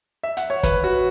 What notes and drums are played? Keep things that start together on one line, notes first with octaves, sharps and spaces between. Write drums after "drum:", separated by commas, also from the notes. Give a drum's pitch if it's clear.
E5
F#5, drum: hi-hat
C#5
B4, drum: kick, hi-hat
F#4